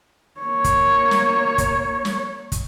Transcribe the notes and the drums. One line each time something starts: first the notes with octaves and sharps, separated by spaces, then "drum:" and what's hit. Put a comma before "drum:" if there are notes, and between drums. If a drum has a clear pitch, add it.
A#3 C#5
drum: kick, hi-hat
drum: snare
drum: kick, hi-hat
drum: snare
drum: kick, hi-hat